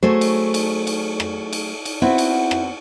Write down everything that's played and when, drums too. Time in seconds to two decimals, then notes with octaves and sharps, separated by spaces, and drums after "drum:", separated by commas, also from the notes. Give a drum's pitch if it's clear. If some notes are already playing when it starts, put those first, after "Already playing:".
0.03 F#3 A3 G#4 A4 C5 C#5
0.21 drum: cymbal
0.54 drum: cymbal
0.87 drum: cymbal
1.20 drum: rim click
1.53 drum: cymbal
1.85 drum: cymbal
2.02 B3 C4 E4 F#4
2.18 drum: cymbal
2.51 drum: rim click